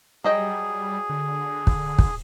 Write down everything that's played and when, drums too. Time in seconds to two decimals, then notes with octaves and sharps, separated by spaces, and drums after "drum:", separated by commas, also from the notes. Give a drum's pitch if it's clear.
0.24 F#3 G3 G#4 D#5 G5
1.09 D3
1.67 drum: kick
1.99 drum: kick